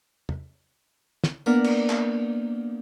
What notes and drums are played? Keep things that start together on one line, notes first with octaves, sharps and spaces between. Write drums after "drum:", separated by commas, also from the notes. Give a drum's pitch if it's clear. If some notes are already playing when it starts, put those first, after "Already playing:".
drum: tom
drum: snare
A#3 B3 D4 A#4 B4, drum: tambourine
drum: cymbal
drum: clap